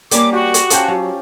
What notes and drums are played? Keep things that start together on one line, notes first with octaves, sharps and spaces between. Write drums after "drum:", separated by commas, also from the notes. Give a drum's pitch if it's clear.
G3 A#3 C#4 D6, drum: hi-hat
F#4 G4
drum: hi-hat
F3 C#4 F4 G5, drum: hi-hat
F#3